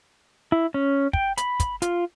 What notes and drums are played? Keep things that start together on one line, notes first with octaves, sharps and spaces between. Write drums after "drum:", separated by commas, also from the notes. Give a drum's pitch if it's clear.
E4
C#4
G5, drum: kick
B5, drum: hi-hat
drum: kick, hi-hat
F4, drum: hi-hat